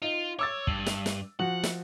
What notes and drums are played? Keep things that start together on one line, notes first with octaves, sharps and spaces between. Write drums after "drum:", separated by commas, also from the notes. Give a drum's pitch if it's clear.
D#4 F4
C#5 D6 E6 A6
G2, drum: kick
drum: snare
drum: snare
F3 F#4 F#5
drum: snare